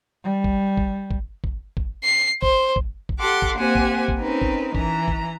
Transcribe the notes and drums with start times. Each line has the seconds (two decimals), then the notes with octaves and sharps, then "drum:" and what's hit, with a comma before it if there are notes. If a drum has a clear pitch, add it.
0.23 G3
0.44 drum: kick
0.77 drum: kick
1.11 drum: kick
1.44 drum: kick
1.77 drum: kick
2.05 C7
2.43 C5, drum: kick
2.76 drum: kick
3.09 drum: kick
3.19 G4 A4 F#5 C6 D6
3.42 drum: kick
3.57 A#3 C4 G4 C5 F#5 G#5
3.75 drum: kick
4.08 drum: kick
4.18 C4 C#4 D#4 A#4 B4
4.42 drum: kick
4.75 E3 A#5, drum: kick
5.08 drum: kick